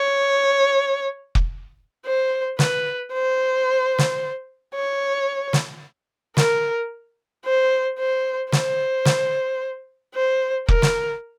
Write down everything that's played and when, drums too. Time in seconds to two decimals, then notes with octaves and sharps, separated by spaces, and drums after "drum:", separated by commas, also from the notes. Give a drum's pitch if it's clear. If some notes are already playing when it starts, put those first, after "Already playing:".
Already playing: C#5
1.35 drum: kick
2.06 C5
2.59 B4, drum: snare
3.13 C5
3.99 drum: snare
4.75 C#5
5.53 drum: snare
6.37 A#4, drum: snare
7.45 C5
7.98 C5
8.52 C5, drum: snare
9.05 drum: snare
10.15 C5
10.68 A#4, drum: kick
10.82 drum: snare